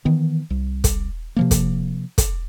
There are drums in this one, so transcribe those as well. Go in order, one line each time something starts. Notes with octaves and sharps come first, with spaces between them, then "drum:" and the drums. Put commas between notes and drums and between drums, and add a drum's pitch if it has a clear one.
D#3 E3 B3
C2
drum: kick, hi-hat
C3 F3 A#3
drum: kick, hi-hat
drum: kick, hi-hat